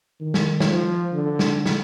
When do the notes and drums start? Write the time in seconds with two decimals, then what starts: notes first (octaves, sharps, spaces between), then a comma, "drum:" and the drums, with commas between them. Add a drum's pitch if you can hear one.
0.21 D#3
0.34 drum: snare
0.60 drum: snare
0.70 F3
1.13 D3
1.39 drum: snare
1.66 drum: snare